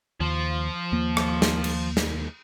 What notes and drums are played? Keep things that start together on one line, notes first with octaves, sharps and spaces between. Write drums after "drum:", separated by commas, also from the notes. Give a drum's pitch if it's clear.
D#2 F3
D#2 A#3
drum: rim click
drum: snare
drum: cymbal
drum: snare